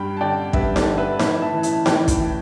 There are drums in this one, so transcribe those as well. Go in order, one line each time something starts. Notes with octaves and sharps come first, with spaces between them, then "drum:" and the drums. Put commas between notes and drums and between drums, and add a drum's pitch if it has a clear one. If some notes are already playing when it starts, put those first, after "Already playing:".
Already playing: G2 G5 B5
A5
D3 D5 G5
G2 B4 E5, drum: kick
A4 D5, drum: snare D#4
D3
B4 E5
A2 B4 E5, drum: snare D#4
E5 A5
E3
E5 A5, drum: hi-hat
A2 D5 G5, drum: snare D#4
drum: kick, hi-hat
E3